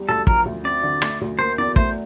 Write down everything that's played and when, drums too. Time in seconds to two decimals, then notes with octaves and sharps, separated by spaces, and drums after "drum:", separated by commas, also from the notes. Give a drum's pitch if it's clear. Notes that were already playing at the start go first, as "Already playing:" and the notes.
Already playing: E2 G3
0.08 D2 A4
0.27 F3 A#4, drum: kick
0.45 D2
0.64 C4 D5
0.83 D3
1.02 A3, drum: rim click
1.21 D2
1.39 A#3 C5
1.58 E2 D5
1.76 A3 C5, drum: kick